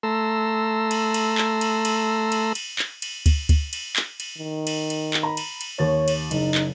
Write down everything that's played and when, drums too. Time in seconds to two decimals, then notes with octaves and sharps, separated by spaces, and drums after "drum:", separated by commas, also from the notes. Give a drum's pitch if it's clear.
0.03 A3 A4 A#5 C6 E6
0.91 drum: cymbal
1.14 drum: cymbal
1.38 drum: clap
1.61 drum: cymbal
1.85 drum: cymbal
2.32 drum: cymbal
2.55 drum: cymbal
2.79 drum: clap
3.02 drum: cymbal
3.26 drum: kick D2, cymbal
3.49 drum: kick D2, cymbal
3.73 drum: cymbal
3.96 drum: clap
4.20 drum: cymbal
4.38 D#3
4.67 drum: cymbal
4.90 drum: cymbal
5.14 drum: clap
5.23 A#5 B5
5.37 drum: cymbal
5.61 drum: cymbal
5.79 D#2 C#5 A6
6.08 drum: cymbal
6.31 F#1 D#4, drum: cymbal
6.55 drum: clap